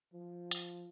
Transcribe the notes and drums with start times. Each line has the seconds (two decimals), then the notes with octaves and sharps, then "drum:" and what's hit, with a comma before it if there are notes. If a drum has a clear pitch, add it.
0.13 F3
0.51 drum: hi-hat